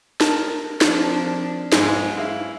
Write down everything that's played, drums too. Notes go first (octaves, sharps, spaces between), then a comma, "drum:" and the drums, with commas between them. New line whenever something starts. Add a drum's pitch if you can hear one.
A#4 A5, drum: snare
F3 C4 D4, drum: snare
B1 G#2 G#3 C#4, drum: snare
E4 F5